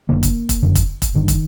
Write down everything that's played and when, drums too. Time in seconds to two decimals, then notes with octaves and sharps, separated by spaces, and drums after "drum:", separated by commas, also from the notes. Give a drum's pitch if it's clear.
0.09 F#1 F#2 D3 A#3
0.23 drum: kick, hi-hat
0.49 drum: kick, hi-hat
0.63 F#1 F#2 D3
0.75 drum: kick, hi-hat
1.02 drum: kick, hi-hat
1.15 G1 G2 D3 D#3
1.28 drum: kick, hi-hat